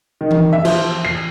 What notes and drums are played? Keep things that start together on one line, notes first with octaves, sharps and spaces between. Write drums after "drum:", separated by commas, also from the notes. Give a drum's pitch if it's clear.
D#3
drum: tom E3
E5
F3, drum: cymbal
C7